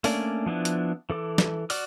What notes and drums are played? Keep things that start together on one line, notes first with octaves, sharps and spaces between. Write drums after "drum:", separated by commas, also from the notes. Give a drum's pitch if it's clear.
A3 A#3 C#4 D4 D5, drum: open hi-hat
F3 B3 D4 E4
drum: hi-hat
E3 A4 D6
drum: snare
F#4 D5 D6 F6, drum: open hi-hat